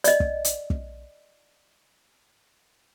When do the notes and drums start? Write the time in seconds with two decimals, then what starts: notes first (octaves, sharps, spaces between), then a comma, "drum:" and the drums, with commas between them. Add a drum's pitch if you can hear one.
0.04 D5 D#5, drum: hi-hat
0.20 drum: kick
0.45 drum: hi-hat
0.70 drum: kick